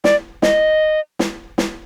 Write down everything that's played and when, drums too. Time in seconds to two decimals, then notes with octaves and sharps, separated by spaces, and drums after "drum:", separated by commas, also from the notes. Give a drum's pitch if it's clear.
0.04 D5, drum: snare
0.42 D#5, drum: snare
1.19 drum: snare
1.58 drum: snare